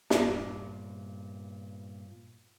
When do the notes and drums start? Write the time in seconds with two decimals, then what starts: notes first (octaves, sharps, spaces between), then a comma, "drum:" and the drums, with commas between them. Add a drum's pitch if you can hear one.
0.10 G2 A#2, drum: snare